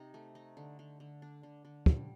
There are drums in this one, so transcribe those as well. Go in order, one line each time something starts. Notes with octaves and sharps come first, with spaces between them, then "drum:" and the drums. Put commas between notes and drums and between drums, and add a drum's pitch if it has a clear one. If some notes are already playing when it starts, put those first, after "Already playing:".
Already playing: C3 D#4
A3
D#4
D3
D3
D3
D4
D3
D3
G3, drum: kick